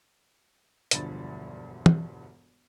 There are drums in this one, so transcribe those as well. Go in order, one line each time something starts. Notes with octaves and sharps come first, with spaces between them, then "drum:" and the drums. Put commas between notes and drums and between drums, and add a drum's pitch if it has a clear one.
E1 D2 G2 F3 B5 A6, drum: hi-hat
drum: tom